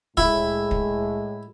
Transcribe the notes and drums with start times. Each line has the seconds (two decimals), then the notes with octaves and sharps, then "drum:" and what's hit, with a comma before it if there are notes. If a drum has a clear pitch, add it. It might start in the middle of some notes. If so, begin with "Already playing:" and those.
0.17 A2 G#3 E4, drum: kick
0.71 drum: kick